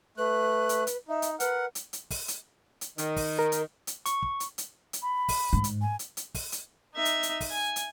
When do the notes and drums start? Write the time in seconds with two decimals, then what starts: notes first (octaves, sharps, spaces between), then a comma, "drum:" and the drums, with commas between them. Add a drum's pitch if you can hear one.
0.18 A3 B4 F#6
0.69 drum: hi-hat
0.87 drum: hi-hat
1.08 D#4 E5
1.22 drum: hi-hat
1.40 A#4 B4 F#5, drum: hi-hat
1.75 drum: hi-hat
1.93 drum: hi-hat
2.10 drum: kick, open hi-hat
2.28 drum: hi-hat
2.81 drum: hi-hat
2.98 D#3, drum: hi-hat
3.16 drum: kick, open hi-hat
3.39 A#4
3.52 drum: hi-hat
3.87 drum: hi-hat
4.06 C#6, drum: hi-hat
4.22 drum: kick
4.40 drum: hi-hat
4.58 drum: hi-hat
4.93 drum: hi-hat
5.02 B5
5.28 drum: kick, open hi-hat
5.53 G#2
5.64 drum: hi-hat
5.81 G#5
5.99 drum: hi-hat
6.17 drum: hi-hat
6.34 drum: kick, open hi-hat
6.52 drum: hi-hat
6.95 D#4 E5
7.05 drum: hi-hat
7.23 drum: hi-hat
7.40 drum: kick, open hi-hat
7.51 G#5
7.76 drum: hi-hat